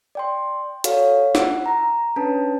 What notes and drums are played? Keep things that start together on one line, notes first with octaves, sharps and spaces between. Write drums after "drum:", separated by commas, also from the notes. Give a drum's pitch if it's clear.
D5 G5 C6
F#4 A4 C#5 F5, drum: hi-hat
F#5 E6, drum: snare
A#5 A#6
C#4 D4 B4 A5